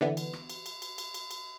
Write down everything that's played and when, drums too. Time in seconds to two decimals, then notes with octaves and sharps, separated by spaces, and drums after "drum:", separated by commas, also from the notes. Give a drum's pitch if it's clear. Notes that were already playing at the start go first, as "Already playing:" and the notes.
0.01 D3 E3 B3
0.17 drum: cymbal
0.33 drum: rim click
0.50 drum: cymbal
0.66 drum: cymbal
0.82 drum: cymbal
0.98 drum: cymbal
1.14 drum: cymbal
1.31 drum: cymbal